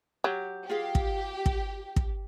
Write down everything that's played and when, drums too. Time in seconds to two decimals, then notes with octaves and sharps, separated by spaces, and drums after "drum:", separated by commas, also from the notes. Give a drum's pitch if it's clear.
0.24 F#3 G4
0.69 F4 G4 G#4 F5
0.95 drum: kick
1.46 drum: kick
1.96 drum: kick